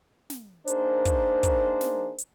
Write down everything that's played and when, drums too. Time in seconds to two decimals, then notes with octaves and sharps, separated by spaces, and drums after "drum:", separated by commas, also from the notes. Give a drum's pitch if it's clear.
0.30 drum: snare
0.68 A#3 D4 D#4 G#4 A#4 C5, drum: hi-hat
1.05 drum: kick, hi-hat
1.43 drum: kick, hi-hat
1.81 drum: snare
2.19 drum: hi-hat